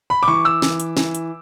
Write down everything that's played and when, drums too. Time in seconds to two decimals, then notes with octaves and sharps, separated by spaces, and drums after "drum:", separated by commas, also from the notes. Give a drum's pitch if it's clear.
0.10 B5
0.23 D6
0.28 E3 C#6
0.45 E6
0.62 E3, drum: snare
0.80 drum: hi-hat
0.97 E3, drum: snare
1.15 drum: hi-hat